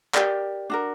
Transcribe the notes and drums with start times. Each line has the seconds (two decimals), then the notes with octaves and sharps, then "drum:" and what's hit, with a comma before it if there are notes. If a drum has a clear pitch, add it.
0.14 G4 A#4 D5, drum: clap
0.70 D4 F#4 A#4